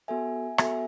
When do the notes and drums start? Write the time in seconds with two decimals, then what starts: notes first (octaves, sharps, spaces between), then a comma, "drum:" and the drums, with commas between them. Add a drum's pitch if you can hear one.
0.08 B3 F#4 A4 E5 G#5
0.58 B3 F#4 A4 E5 G#5, drum: rim click